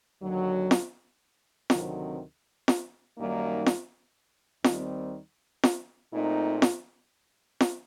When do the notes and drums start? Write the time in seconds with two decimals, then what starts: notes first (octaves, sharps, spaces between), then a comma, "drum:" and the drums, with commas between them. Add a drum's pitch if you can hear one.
0.22 D#2 D3 F#3
0.71 drum: snare F4
1.70 D2 C3 D#3 F#3 C4, drum: snare F4
2.68 drum: snare F4
3.17 F#2 D#3 G3 A#3 D#4
3.66 drum: snare F4
4.64 D#2 D#3 G3 C4, drum: snare F4
5.63 drum: snare F4
6.13 A#2 A3 C4 D#4
6.62 drum: snare F4
7.61 drum: snare F4